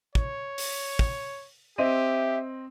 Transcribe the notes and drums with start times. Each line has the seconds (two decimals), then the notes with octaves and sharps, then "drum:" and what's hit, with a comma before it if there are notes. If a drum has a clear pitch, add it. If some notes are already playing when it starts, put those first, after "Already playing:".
0.15 C#5, drum: kick
0.58 drum: open hi-hat
0.99 drum: kick
1.78 C4 G4 D#5 E5 D#7